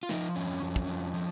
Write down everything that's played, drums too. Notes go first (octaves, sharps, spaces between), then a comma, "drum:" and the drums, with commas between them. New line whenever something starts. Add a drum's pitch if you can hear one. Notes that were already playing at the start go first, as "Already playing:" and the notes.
F4
F3 D#4, drum: snare
F2 C#4
F2
drum: kick
F2
F3